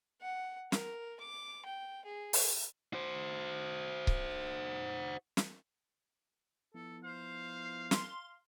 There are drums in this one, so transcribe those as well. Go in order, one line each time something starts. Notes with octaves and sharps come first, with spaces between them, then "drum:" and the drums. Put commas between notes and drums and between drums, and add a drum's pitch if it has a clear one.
F#5
A#4, drum: snare
D6
G5
G#4
drum: open hi-hat
F#4 C5
drum: kick C#1
drum: snare
F3 B3 E4 A4
C5 F5
C6, drum: snare